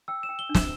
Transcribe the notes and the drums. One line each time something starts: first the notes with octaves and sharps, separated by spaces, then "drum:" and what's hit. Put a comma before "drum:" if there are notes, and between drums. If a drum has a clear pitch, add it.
G5 E6
E7
G5
G7
D4
E7, drum: snare